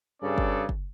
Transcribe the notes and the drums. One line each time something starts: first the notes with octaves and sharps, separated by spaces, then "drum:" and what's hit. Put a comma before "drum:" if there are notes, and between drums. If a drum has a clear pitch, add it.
G2 C#3 C#4 G#4 A4 D5
drum: kick F#1
drum: kick F#1